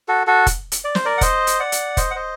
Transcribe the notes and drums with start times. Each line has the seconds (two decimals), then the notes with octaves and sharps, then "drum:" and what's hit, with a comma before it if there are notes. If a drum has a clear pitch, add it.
0.08 F#4 A4
0.27 F#4 A4
0.46 drum: kick F1, hi-hat
0.72 drum: hi-hat
0.85 D5
0.95 C5, drum: snare
1.05 A#4 D5
1.18 F#5
1.21 C5 D#5, drum: kick F1, hi-hat
1.47 drum: hi-hat
1.60 D5 F#5
1.72 drum: hi-hat
1.97 C5 D#5, drum: kick F1, hi-hat
2.11 F#5
2.15 C5 D#5